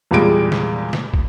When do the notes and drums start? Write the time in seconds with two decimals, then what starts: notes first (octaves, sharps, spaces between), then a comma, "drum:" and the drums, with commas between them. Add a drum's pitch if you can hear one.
0.11 E2 A#2 G3 G#3 D7
0.52 drum: snare
0.93 drum: snare
1.14 drum: kick